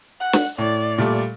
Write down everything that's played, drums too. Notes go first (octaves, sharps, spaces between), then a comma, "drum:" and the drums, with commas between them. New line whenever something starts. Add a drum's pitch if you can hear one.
F#5
drum: snare
A2 D5
A#2 G3 A3